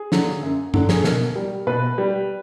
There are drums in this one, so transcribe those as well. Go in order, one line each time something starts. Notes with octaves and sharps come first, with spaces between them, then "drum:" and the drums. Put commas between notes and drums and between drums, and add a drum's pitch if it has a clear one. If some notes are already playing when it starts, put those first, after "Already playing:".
Already playing: G#4
D3 F#3, drum: snare
F#2
D3 F#3, drum: tom
G#4, drum: snare
A4
B2 A#4, drum: snare
G3
B2 B4
G3